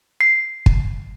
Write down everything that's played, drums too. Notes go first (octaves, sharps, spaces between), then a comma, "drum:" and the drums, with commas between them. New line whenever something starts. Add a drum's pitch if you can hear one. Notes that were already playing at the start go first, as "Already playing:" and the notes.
C7
drum: kick